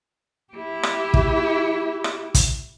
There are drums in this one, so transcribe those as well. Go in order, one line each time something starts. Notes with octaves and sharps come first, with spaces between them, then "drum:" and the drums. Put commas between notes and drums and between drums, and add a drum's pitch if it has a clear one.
E4 G4
drum: rim click
drum: kick
drum: rim click
drum: kick, hi-hat